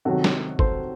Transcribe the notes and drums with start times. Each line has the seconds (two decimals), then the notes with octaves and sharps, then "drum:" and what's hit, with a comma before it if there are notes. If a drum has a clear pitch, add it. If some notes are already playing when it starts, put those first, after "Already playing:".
0.05 C3 D#3 F#3 F#4 A4
0.24 drum: snare
0.59 A4 C5, drum: kick